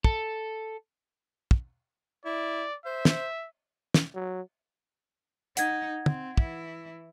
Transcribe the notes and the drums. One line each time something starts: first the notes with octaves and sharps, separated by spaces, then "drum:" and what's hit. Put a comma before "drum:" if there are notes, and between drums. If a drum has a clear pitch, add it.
A4, drum: kick
drum: kick
E4 D5
C5 E5
drum: snare
drum: snare
F#3
D#4 F#5 G#6, drum: hi-hat
C4, drum: tom
E3 E4, drum: kick